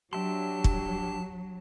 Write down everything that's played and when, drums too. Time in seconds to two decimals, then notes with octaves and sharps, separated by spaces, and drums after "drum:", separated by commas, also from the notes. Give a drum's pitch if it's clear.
0.13 F#3 D4 G4 E5 A5 C6
0.64 drum: kick